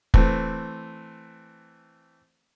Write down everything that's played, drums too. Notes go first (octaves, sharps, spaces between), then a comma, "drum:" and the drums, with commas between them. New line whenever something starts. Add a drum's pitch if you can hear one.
E3 A3 C4, drum: kick